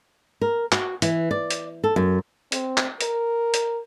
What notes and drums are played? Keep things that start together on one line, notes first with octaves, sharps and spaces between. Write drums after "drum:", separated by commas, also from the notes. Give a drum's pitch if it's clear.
A#4
F#4, drum: clap
E3, drum: hi-hat
D5
drum: hi-hat
A4
F#2
C4, drum: hi-hat
drum: clap
A#4, drum: hi-hat
drum: hi-hat